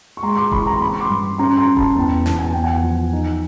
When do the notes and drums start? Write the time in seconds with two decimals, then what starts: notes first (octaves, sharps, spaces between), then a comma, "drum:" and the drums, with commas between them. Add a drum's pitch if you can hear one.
0.17 C#6
0.23 G#3 A#5 C6
0.37 C6 D6
0.52 E3 B5 C#6, drum: kick D#1
0.66 A#5 C6
0.80 C4 B5 C#6
1.00 C6 D6
1.09 G2
1.38 C#4 A#5 C6
1.57 A#5 C6
1.67 C#4
1.77 A5 B5, drum: kick D#1
1.96 E2 G5 A5
2.26 E2 A5, drum: snare
2.39 G#5
2.51 E2 G5
2.64 F#5 G#5
2.83 F3
3.13 D#4